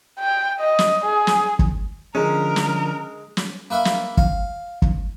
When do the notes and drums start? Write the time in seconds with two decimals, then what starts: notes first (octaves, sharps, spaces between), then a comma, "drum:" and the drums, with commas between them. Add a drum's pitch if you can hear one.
0.19 G5
0.60 D#5
0.79 drum: snare
1.05 G#4
1.27 drum: snare
1.59 drum: kick
2.15 D3 F3 G#3 C#4 A#4
2.56 drum: snare
3.37 drum: snare
3.70 A#3 B4 E5 F5
3.85 drum: snare
4.18 F5, drum: kick
4.82 drum: kick